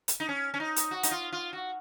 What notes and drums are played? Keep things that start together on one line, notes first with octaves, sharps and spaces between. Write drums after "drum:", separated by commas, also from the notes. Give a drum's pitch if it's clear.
drum: hi-hat
D#4
C#4
C#4
D#4
drum: hi-hat
F#4
D#4, drum: hi-hat
F4
F4
F#4